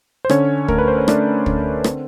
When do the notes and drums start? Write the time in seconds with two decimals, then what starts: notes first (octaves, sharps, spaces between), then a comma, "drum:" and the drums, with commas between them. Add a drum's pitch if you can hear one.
0.25 C5
0.30 D3 C#4 C#5, drum: rim click
0.68 A3 A#4, drum: kick
0.78 B4
0.88 C5
0.98 C#5
1.08 A3 D4 D5, drum: rim click
1.46 D3, drum: kick
1.84 C4, drum: rim click